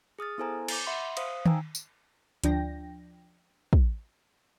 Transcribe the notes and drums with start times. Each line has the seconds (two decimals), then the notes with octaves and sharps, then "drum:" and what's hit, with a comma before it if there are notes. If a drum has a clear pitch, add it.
0.19 G#4 D#6 F6 A6
0.38 B3 E4 A4 C5 G#5 A#5
0.68 D6 G6 A6, drum: cymbal
0.87 E5 F#5 B5 C6
1.17 C5 F5 D#6, drum: cymbal
1.46 D#4 G5 G#5 A#5 E6, drum: tom D#3
1.75 drum: tambourine
2.44 D2 F3 D4 G5 A#6, drum: hi-hat
3.73 drum: kick